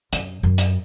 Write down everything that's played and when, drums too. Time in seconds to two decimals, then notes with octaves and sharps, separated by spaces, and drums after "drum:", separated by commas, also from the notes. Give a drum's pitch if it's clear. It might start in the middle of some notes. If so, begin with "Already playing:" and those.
0.13 F#2, drum: hi-hat
0.43 F#2
0.58 drum: hi-hat